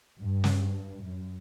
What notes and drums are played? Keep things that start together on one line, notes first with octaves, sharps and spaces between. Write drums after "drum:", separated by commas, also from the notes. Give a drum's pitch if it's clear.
G2
drum: snare
F#2